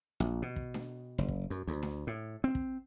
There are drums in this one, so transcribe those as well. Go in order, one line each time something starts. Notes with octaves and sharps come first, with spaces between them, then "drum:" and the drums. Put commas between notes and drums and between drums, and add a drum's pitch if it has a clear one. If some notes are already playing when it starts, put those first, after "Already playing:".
A#1
B2
drum: kick
drum: snare D4
F#1
drum: kick
F#2
D2
drum: snare D4
A2
C4
drum: kick